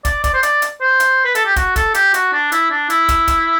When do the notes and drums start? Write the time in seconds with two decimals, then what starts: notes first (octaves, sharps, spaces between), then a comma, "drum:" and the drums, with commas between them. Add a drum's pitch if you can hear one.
0.05 D5, drum: kick, hi-hat
0.24 D5, drum: kick, hi-hat
0.34 C5
0.43 D5, drum: hi-hat
0.62 drum: hi-hat
0.81 C5
1.00 drum: hi-hat
1.25 B4
1.35 A4, drum: hi-hat
1.46 G4
1.56 F#4, drum: kick, hi-hat
1.76 A4, drum: kick, hi-hat
1.94 G4, drum: hi-hat
2.14 F#4, drum: hi-hat
2.33 D4
2.52 E4, drum: hi-hat
2.71 D4
2.90 E4, drum: hi-hat
3.09 drum: kick, hi-hat
3.28 drum: kick, hi-hat